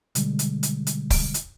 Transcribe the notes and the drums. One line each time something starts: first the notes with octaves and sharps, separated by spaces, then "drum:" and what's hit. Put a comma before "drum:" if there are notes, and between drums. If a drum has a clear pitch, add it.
B2 D3 G3 G#3, drum: hi-hat
drum: hi-hat
drum: hi-hat
drum: hi-hat
drum: kick C#1, open hi-hat
drum: hi-hat